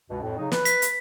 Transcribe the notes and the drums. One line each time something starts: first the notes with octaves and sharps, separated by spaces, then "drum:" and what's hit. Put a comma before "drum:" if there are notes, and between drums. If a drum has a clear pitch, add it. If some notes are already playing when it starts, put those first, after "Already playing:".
C#2 G2 B2
F2 A2
C#3 F#3 D#4
B4, drum: snare
B6, drum: hi-hat
drum: hi-hat